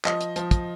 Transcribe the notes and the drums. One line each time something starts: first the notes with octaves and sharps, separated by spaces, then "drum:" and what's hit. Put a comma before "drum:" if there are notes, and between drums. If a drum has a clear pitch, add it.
F3 D#5, drum: clap
drum: hi-hat
F3, drum: hi-hat
drum: kick, hi-hat